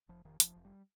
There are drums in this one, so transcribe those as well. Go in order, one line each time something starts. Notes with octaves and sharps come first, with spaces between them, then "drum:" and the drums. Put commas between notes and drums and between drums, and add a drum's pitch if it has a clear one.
F1 F3
F1 D#3
F1 F3, drum: hi-hat
F1
G3